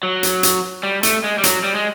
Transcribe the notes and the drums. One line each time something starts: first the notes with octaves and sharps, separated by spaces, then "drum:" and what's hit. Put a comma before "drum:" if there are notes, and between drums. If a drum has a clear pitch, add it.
F#3
drum: hi-hat
drum: hi-hat
G3
A3, drum: hi-hat
G#3
G3
F#3, drum: hi-hat
G3
G#3